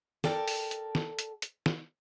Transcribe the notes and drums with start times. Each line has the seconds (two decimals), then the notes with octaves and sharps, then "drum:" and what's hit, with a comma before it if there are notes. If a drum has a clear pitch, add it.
0.24 A4 A#4 D5 G5 A5, drum: snare
0.48 drum: open hi-hat
0.71 drum: hi-hat
0.95 drum: snare
1.19 drum: hi-hat
1.42 drum: hi-hat
1.66 drum: snare